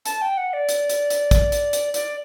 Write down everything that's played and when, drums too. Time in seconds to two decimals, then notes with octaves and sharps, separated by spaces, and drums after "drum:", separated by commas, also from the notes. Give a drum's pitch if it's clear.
0.06 A5, drum: hi-hat
0.22 G5
0.37 F#5
0.53 D5
0.69 drum: hi-hat
0.90 drum: hi-hat
1.10 drum: hi-hat
1.31 drum: kick, hi-hat
1.52 drum: hi-hat
1.73 drum: hi-hat
1.94 D5, drum: hi-hat